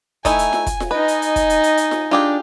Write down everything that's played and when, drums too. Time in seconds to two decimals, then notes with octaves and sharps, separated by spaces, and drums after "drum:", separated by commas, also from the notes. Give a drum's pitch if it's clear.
0.25 A3 D#4 E4 G#5, drum: kick, hi-hat
0.39 drum: hi-hat
0.53 drum: snare F4
0.66 drum: kick, hi-hat
0.80 drum: snare F4
0.91 D#4 B4 D#5 G#5
1.08 drum: hi-hat
1.22 drum: hi-hat
1.36 drum: kick, hi-hat
1.50 drum: hi-hat
1.64 drum: hi-hat
1.77 drum: hi-hat
1.91 drum: snare F4
2.11 D4 F4 G4 G#4